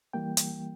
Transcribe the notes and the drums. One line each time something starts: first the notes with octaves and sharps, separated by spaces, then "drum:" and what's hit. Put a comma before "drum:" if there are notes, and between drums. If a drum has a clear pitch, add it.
E3 G3 A#3 G5
drum: hi-hat